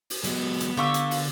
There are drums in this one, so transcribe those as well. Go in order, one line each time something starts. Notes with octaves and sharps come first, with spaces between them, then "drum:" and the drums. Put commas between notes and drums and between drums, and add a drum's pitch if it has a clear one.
drum: open hi-hat
F#3 G#3 B3, drum: hi-hat
drum: hi-hat
D3 G4 F5 C#6 E6
drum: hi-hat
drum: open hi-hat